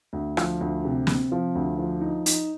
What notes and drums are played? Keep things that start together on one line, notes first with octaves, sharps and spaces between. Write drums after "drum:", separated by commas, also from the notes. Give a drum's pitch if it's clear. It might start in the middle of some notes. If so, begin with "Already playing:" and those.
D2
F3, drum: rim click
D2
C3
C3, drum: snare
F3
D2
F3
D#4
D#4, drum: hi-hat